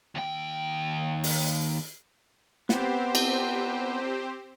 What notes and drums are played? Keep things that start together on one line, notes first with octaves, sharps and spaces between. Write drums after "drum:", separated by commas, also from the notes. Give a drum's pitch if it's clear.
D#2 G5
drum: open hi-hat
B3 C4 G4 C5, drum: snare
drum: cymbal